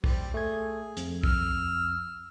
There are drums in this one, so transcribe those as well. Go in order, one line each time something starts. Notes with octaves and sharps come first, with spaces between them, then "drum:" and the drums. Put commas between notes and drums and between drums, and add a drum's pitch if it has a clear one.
G3 C4, drum: kick
A3 G#4 G#6
F2, drum: hi-hat
E6 F6, drum: kick